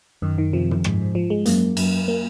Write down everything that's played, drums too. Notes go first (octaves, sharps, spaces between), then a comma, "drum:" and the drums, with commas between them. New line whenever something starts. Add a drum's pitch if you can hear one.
F#2 D#3
D#3
C3 F3
drum: tom
G#2, drum: rim click
F3
G#3
F#2 A#3, drum: hi-hat
F#2, drum: cymbal
A#3